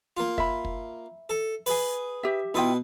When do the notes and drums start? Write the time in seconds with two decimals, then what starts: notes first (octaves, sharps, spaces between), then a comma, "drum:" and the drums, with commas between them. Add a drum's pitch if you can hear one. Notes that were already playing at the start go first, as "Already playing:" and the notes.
0.17 A#3 F4
0.38 E5 B5, drum: kick
0.65 drum: kick
1.29 A4
1.66 G#4 B4, drum: open hi-hat
2.23 G4 E5
2.54 B2 E4 F4 B4 G5 D#6